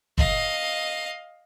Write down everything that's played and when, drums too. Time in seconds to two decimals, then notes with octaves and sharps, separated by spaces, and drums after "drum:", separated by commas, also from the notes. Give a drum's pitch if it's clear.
0.18 D#5 F5, drum: kick F#1